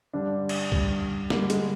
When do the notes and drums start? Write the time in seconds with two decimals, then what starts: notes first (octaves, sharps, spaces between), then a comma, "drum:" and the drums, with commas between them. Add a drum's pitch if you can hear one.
0.13 G2 D3 G3 D4
0.49 drum: cymbal
0.72 G2 D3 G3, drum: kick C#2
1.30 G2 D3 G3 A#3, drum: snare
1.50 G#3, drum: hi-hat